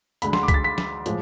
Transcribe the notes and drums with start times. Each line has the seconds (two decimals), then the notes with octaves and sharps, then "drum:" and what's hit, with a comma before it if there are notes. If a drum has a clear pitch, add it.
0.22 D2 D3 G#3 B5, drum: hi-hat
0.33 C6, drum: snare
0.43 D6
0.48 B6, drum: kick C2, hi-hat
0.54 A6
0.64 B6
0.78 drum: snare
1.06 A2 F3 G#3, drum: hi-hat